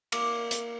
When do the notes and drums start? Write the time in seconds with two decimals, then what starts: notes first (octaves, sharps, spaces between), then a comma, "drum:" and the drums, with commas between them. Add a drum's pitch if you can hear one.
0.12 A#3, drum: cymbal
0.51 drum: hi-hat